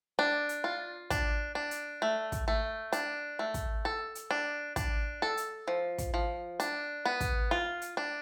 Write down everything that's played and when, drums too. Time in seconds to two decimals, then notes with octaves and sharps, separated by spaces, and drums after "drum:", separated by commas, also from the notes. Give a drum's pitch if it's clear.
0.19 D4
0.49 drum: hi-hat
0.64 F4
1.10 D4, drum: kick, hi-hat
1.55 D4
1.71 drum: hi-hat
2.02 A3
2.32 drum: kick, hi-hat
2.48 A3
2.93 D4, drum: hi-hat
3.39 A3
3.54 drum: kick, hi-hat
3.85 A4
4.15 drum: hi-hat
4.31 D4
4.76 D4, drum: kick, hi-hat
5.22 A4
5.37 drum: hi-hat
5.68 F3
5.98 drum: kick, hi-hat
6.14 F3
6.60 D4, drum: hi-hat
7.05 B3
7.20 drum: kick, hi-hat
7.51 F4
7.82 drum: hi-hat
7.97 D4